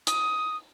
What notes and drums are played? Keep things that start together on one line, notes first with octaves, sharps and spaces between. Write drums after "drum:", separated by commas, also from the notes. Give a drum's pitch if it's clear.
D#6, drum: hi-hat